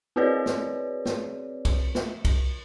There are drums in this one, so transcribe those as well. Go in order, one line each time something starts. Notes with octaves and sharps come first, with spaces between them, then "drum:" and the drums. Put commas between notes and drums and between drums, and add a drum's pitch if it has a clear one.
C4 F#4 G#4 B4 C#5 D5
drum: snare
drum: snare
drum: kick B1, cymbal
drum: snare
drum: kick B1, cymbal